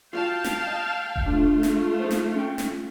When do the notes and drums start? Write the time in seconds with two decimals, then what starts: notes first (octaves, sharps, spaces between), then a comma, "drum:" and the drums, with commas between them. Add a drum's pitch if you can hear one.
0.13 F4 F#4 F5 G5 A5
0.44 drum: snare
0.67 D#5
1.16 drum: kick E1
1.26 A3 D4 F4
1.63 drum: snare
1.99 D#4 A4 C5
2.11 drum: snare
2.34 C#4 G5
2.58 drum: snare